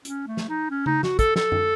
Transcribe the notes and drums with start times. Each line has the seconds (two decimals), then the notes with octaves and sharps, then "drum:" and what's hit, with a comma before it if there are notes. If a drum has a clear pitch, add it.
0.05 C#4, drum: hi-hat
0.27 A3
0.37 drum: snare
0.49 D#4
0.70 C#4
0.86 D#4, drum: tom C#3
1.03 F#4, drum: snare
1.19 A4, drum: kick, hi-hat
1.36 A4, drum: snare
1.52 drum: tom F#2